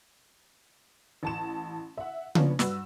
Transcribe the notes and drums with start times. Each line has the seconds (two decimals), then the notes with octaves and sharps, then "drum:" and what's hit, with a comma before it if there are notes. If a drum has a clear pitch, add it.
1.23 A1 A5 E7
1.98 E5 F#5
2.35 F3 A#3 B3 C#4 D4, drum: tom C#3
2.59 G2 F#4 B4 E6, drum: snare